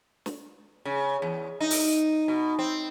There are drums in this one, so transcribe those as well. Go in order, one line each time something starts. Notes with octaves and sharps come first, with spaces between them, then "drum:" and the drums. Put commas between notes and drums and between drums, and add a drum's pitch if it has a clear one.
drum: snare
C#3
E2
D#4
drum: open hi-hat
B2
C4